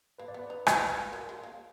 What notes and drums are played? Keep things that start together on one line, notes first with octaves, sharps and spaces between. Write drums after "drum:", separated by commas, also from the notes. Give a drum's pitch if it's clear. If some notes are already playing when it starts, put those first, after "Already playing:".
A#3 B4
D5
B3
B4
D#4
F4, drum: rim click
D#4
F3
F#3 A#4
G#3
A#3